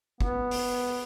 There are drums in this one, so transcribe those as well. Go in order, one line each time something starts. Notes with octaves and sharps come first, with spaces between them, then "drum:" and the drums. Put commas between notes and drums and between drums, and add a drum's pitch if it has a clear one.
B3, drum: kick
drum: open hi-hat